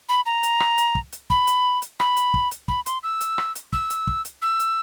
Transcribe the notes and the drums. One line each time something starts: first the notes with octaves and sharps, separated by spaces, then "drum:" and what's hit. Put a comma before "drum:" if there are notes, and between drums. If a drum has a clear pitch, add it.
B5
A#5
drum: hi-hat
drum: rim click
drum: hi-hat
drum: kick
drum: hi-hat
B5, drum: kick
drum: hi-hat
drum: hi-hat
B5, drum: rim click
drum: hi-hat
drum: kick
drum: hi-hat
B5, drum: kick
C6, drum: hi-hat
E6
drum: hi-hat
drum: rim click
drum: hi-hat
E6, drum: kick
drum: hi-hat
drum: kick
drum: hi-hat
E6
drum: hi-hat